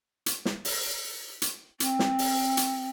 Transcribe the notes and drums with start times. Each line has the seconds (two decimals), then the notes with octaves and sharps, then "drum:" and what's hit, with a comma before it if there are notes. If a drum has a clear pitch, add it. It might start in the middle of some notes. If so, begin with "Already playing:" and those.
0.26 drum: hi-hat
0.45 drum: snare
0.65 drum: open hi-hat
1.42 drum: hi-hat
1.80 C4, drum: hi-hat
1.99 drum: snare
2.19 drum: open hi-hat
2.57 drum: hi-hat